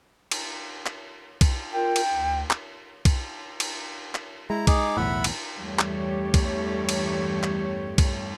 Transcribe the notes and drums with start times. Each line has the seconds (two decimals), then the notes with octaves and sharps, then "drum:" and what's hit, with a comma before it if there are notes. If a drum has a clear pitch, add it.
0.31 drum: cymbal
0.86 drum: clap
1.41 drum: kick B1, cymbal
1.73 F4 A#4 G5
1.96 drum: cymbal
2.13 D2
2.51 drum: clap
3.05 drum: kick B1, cymbal
3.60 drum: cymbal
4.15 drum: clap
4.50 G#3 E4 A#5
4.67 D#4 G#4 D6, drum: kick B1, cymbal
4.97 B1 E2 A2 E5 F#5 B5
5.24 drum: cymbal
5.58 E2 G2 G3 A3 G4 C#5
5.79 drum: clap
6.34 drum: kick B1, cymbal
6.89 drum: cymbal
7.43 drum: clap
7.98 drum: kick B1, cymbal